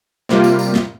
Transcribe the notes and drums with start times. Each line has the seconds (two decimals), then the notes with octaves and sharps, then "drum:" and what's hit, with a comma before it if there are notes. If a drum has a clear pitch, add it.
0.29 C3 G3 A#3 F4, drum: snare
0.44 drum: tambourine
0.59 drum: tambourine
0.74 drum: snare